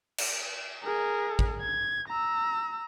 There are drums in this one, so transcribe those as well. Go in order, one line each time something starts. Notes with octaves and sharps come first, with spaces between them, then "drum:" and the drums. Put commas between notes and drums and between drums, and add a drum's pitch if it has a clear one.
drum: cymbal
G#4 A#4
drum: kick
G#6
A#5 E6